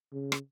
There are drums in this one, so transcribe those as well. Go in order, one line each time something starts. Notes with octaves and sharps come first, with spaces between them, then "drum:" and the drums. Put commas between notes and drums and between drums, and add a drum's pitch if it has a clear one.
C#3
drum: rim click